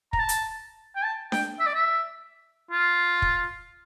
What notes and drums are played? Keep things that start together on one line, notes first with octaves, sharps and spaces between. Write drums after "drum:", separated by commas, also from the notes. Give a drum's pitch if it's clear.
A#5, drum: kick
A5
drum: hi-hat
G5
A5
G5, drum: snare D4
E5
D5
E5
F4
drum: kick